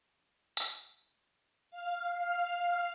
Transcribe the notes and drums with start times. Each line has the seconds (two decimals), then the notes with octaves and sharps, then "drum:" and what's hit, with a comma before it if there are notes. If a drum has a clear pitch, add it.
0.57 drum: open hi-hat
1.70 F5 F6